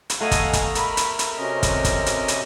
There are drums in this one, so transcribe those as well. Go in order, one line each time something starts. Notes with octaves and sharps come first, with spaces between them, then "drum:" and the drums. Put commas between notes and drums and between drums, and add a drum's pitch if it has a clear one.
drum: hi-hat
A3 D#5 F5 F#5 G#5 A#5
drum: kick, hi-hat
drum: kick, hi-hat
A#4 B5, drum: hi-hat
drum: hi-hat
drum: hi-hat
C3 C4 C#4 F#4 D#5
drum: kick, hi-hat
drum: kick, hi-hat
drum: hi-hat
drum: hi-hat